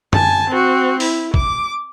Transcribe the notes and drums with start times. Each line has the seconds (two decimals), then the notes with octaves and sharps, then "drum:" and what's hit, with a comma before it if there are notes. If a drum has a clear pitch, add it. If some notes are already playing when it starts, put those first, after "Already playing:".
0.13 G#5 A5, drum: tom F#2
0.50 C4 F#4
1.00 E4, drum: open hi-hat
1.34 D6, drum: kick